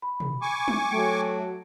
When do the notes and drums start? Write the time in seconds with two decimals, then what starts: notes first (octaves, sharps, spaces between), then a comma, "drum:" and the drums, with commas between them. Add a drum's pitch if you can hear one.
0.02 B5
0.20 drum: tom
0.42 G#5 C#6 D6
0.68 drum: tom
0.91 F#3 A3 G5 C#7 D7